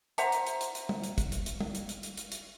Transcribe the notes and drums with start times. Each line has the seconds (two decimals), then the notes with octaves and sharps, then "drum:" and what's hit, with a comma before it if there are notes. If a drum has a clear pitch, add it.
0.18 C5 E5 F#5 A#5, drum: hi-hat
0.32 drum: hi-hat
0.47 drum: hi-hat
0.61 drum: hi-hat
0.75 drum: hi-hat
0.89 drum: tom
1.04 drum: hi-hat
1.18 drum: kick, hi-hat
1.32 drum: hi-hat
1.46 drum: hi-hat
1.60 drum: tom
1.75 drum: hi-hat
1.89 drum: hi-hat
2.03 drum: hi-hat
2.17 drum: hi-hat
2.32 drum: hi-hat